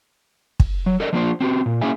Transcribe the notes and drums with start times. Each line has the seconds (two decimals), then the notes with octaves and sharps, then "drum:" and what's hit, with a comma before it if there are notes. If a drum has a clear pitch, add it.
0.60 drum: kick
0.86 F#3
1.00 A4 A#4 D5 D#5
1.13 F3 A3 A#3 D4 F4 C5
1.41 C4 F#4 G4
1.66 A#2
1.81 A#3 C#4 E4 G#4 E5 G#5